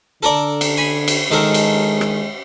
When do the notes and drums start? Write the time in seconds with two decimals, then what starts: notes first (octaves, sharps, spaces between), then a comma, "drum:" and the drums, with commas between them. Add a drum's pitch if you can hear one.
0.23 D3 A4 A#4 D5
0.61 drum: cymbal
0.77 G#5 B5
1.08 drum: cymbal
1.31 D#3 G#3 A4 A#4
1.54 drum: cymbal
2.01 drum: rim click